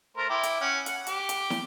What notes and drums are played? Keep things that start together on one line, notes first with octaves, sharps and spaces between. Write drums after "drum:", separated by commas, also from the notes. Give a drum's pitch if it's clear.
A3 A#4 C5
E4 G5 D6
drum: hi-hat
C#4 F#5
F#5, drum: hi-hat
G4, drum: hi-hat
drum: hi-hat
drum: snare